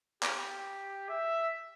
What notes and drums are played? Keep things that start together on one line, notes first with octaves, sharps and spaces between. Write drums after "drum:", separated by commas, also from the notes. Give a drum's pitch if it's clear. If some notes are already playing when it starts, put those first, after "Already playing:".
G4, drum: clap
E5